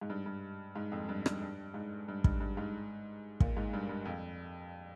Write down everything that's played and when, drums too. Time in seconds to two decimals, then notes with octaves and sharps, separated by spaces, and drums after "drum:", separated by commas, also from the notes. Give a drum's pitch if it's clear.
0.01 G#2
0.10 G2
0.26 G2
0.76 G#2
0.92 F2
1.09 G2
1.26 G2, drum: rim click
1.41 G2
1.74 G#2
2.08 G2
2.24 G2, drum: kick
2.40 G2
2.57 G#2
3.40 A#2, drum: kick
3.57 G#2
3.73 G2
3.89 G2
4.05 F2